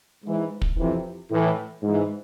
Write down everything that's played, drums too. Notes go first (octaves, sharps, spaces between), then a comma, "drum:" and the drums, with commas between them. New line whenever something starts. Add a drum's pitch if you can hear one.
G#2 E3
drum: kick
F2 C3 E3
A2 E3
G#2 E3